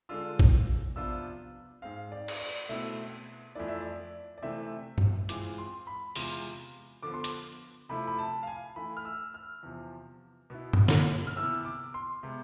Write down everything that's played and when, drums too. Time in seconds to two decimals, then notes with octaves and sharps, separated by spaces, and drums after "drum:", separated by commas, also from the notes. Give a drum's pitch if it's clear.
0.09 D3 G#3 D4 F4 E6
0.39 drum: kick A1
0.96 C3 F3 B3 D4 F4 E6
1.82 G#2 G#3 C4 F5
2.12 D5
2.28 drum: cymbal
2.40 D5
2.69 B2 A3 C4 E4 E5
3.55 F2 E3 A3 E4 D5
3.68 E5
3.81 D5
4.38 D5
4.42 C3 E3 A3 C4 E5
4.98 drum: tom
5.29 E3 G#3 C4 F4 D6, drum: hi-hat
5.58 C6
5.87 B5
6.16 E2 C3 G#3 B3 F4 C6, drum: open hi-hat
7.03 D3 F3 B3 D6
7.14 C6
7.24 D6, drum: hi-hat
7.89 C3 F3 A3 E4 B5
8.07 B5
8.18 A5
8.43 F5
8.47 G#5
8.76 E3 A3 E4 B5
8.97 F6
9.05 E6
9.34 F6
9.63 E2 C3 F3
10.50 B2 B3 E4
10.73 drum: tom
10.88 drum: snare
11.27 F6
11.36 C3 E3 B3 E6
11.65 D6
11.94 C6
12.23 C3 G#3 B3